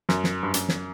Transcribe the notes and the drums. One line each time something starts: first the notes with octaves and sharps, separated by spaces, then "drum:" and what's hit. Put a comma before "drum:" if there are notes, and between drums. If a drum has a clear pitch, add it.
F#2, drum: snare
drum: snare
G2
F#2, drum: hi-hat
drum: snare